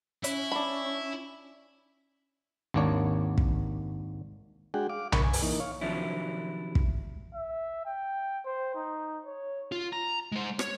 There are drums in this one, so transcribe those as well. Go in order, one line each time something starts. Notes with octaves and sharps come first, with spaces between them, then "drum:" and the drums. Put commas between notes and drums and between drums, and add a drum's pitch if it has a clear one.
C#4 E4, drum: hi-hat
D4 B5
G#1 D#2 A#3 D4 C#5
drum: kick
G#3 D4 F#4 G#4 F#5 G5
F5 D6
D4 A#4 B5 C#6, drum: tom B1
G#5
drum: open hi-hat
E3 A#3 D#4
C#5 F5
C3 D#3 F3 F#3 D4 E4
drum: kick
E5
G5
C5
D#4
C#5
F4
A#5
G#3 C5
C#5, drum: rim click